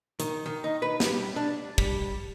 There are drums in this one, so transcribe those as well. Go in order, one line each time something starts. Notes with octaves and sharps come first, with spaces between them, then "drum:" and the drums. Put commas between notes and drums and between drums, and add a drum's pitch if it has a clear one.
D#3, drum: hi-hat
D#3
D#4
B4
G3, drum: snare
D4
G3, drum: kick